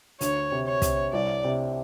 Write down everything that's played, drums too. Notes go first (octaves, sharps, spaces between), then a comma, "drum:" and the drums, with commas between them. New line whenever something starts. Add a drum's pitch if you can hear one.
D2 C#5, drum: hi-hat
C3
C#5
C3, drum: kick, hi-hat
C2 D5
C3